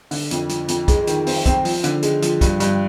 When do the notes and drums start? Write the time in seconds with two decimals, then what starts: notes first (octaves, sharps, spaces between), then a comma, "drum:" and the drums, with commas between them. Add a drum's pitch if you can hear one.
0.11 D3, drum: open hi-hat
0.31 F2, drum: hi-hat
0.49 F3, drum: hi-hat
0.68 F2, drum: hi-hat
0.88 G#3, drum: kick, hi-hat
1.07 D#3, drum: hi-hat
1.27 C4, drum: open hi-hat
1.46 C4, drum: kick, hi-hat
1.65 F3, drum: open hi-hat
1.84 D3, drum: hi-hat
2.03 G#3, drum: hi-hat
2.22 F3, drum: hi-hat
2.41 G2, drum: kick, hi-hat
2.60 G2, drum: hi-hat